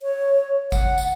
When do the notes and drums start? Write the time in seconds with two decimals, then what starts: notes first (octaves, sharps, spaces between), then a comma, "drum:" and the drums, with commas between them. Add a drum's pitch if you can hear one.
0.02 C#5
0.72 F#5, drum: kick G1, tambourine
0.98 drum: tambourine